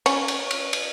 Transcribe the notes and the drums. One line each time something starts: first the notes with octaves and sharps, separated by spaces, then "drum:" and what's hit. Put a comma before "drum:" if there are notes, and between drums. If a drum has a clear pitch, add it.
C#4, drum: cymbal
drum: cymbal
drum: cymbal
drum: cymbal